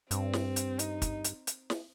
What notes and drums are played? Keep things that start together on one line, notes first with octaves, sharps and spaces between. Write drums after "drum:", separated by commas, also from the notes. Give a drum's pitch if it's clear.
G2 C4, drum: hi-hat
drum: snare
drum: hi-hat
D#4, drum: hi-hat
drum: kick, hi-hat
drum: hi-hat
drum: hi-hat
drum: snare